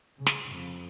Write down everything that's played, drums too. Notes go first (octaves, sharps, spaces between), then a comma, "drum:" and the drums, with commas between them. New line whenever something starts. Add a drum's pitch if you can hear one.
C#3
drum: snare
F2